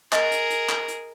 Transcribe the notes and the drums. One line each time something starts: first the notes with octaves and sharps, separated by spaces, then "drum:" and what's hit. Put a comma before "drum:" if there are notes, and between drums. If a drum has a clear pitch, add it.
G#4 A#4 D#5, drum: clap
drum: hi-hat
drum: hi-hat
drum: clap
drum: hi-hat